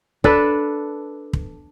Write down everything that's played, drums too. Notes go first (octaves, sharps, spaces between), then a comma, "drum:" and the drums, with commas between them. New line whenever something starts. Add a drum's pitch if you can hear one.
D4 A4 B4, drum: kick
drum: kick